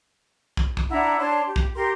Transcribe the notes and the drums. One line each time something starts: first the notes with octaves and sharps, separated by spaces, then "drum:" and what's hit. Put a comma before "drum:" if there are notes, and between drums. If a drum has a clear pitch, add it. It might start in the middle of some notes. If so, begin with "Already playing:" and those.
drum: kick
drum: kick
D4 E4 F#5 A#5
D4 C#5 A5 C6
G4
drum: kick
G4 A#4 C6